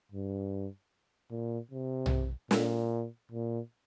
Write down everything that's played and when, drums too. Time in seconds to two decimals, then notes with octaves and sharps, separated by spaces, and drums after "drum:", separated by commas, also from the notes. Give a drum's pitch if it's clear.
0.12 G2
1.31 A#2
1.71 C3
2.06 drum: tom B1
2.51 A#2, drum: snare
3.32 A#2